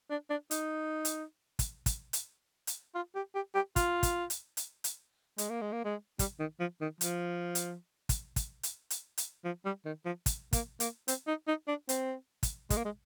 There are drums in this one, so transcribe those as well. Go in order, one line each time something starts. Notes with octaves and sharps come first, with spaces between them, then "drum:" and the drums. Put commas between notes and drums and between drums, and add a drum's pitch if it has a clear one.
D4
D4
D#4, drum: hi-hat
drum: hi-hat
drum: kick, hi-hat
drum: kick, hi-hat
drum: hi-hat
drum: hi-hat
F4
G4
G4
G4
F4, drum: kick, hi-hat
drum: kick, hi-hat
drum: hi-hat
drum: hi-hat
drum: hi-hat
G#3, drum: hi-hat
A#3
G#3
A#3
G#3
G3, drum: kick, hi-hat
D#3
F3
D#3
F3, drum: hi-hat
drum: hi-hat
drum: kick, hi-hat
drum: kick, hi-hat
drum: hi-hat
drum: hi-hat
drum: hi-hat
F3
G3
D#3
F3
drum: kick, hi-hat
A#3, drum: kick, hi-hat
A#3, drum: hi-hat
C4, drum: hi-hat
D#4
D#4
D4
C4, drum: hi-hat
drum: kick, hi-hat
G#3, drum: kick, hi-hat
A#3
G#3